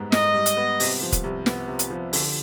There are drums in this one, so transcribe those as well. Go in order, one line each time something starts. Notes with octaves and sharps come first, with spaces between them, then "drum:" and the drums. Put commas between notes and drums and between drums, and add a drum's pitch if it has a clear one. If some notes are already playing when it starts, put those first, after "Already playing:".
Already playing: G#2 G3 B3
G#2 D#5, drum: snare
G3
drum: hi-hat
B3
C3, drum: open hi-hat
F3
drum: kick, hi-hat
C2
B3, drum: snare
C3
drum: hi-hat
F3
D3, drum: open hi-hat